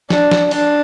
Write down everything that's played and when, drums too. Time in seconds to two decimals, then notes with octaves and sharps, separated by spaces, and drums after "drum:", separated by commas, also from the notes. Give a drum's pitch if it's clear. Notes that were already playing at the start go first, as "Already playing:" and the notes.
0.10 D4, drum: snare
0.31 drum: snare
0.51 D4, drum: open hi-hat